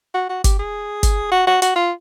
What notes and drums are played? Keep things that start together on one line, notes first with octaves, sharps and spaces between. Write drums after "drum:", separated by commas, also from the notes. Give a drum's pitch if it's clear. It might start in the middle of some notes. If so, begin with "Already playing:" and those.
F#4
F#4
G4, drum: kick G1, hi-hat
G#4
drum: kick G1, hi-hat
F#4
F#4
F#4, drum: hi-hat
F4